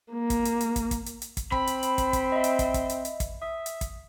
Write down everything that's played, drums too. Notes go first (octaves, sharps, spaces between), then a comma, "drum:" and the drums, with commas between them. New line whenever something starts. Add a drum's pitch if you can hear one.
A#3
drum: kick, hi-hat
drum: hi-hat
drum: hi-hat
drum: kick, hi-hat
drum: kick, hi-hat
drum: hi-hat
drum: hi-hat
drum: kick, hi-hat
C4 B5, drum: kick
drum: hi-hat
drum: hi-hat
drum: kick, hi-hat
drum: kick, hi-hat
D#5 E5
drum: hi-hat
drum: kick, hi-hat
drum: kick, hi-hat
drum: hi-hat
drum: hi-hat
drum: kick, hi-hat
E5 D#6
drum: hi-hat
drum: kick, hi-hat